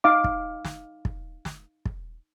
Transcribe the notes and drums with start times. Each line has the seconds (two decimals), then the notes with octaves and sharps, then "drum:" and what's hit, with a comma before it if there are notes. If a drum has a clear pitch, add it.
0.04 D#4 F5 D6
0.24 drum: kick
0.65 drum: snare
1.05 drum: kick
1.45 drum: snare
1.85 drum: kick